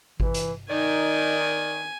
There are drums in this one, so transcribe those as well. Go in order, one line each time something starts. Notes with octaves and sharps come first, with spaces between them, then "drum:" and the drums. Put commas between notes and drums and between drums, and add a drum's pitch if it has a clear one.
E3, drum: kick G#1
drum: hi-hat
D#3 D#4 D5 G#5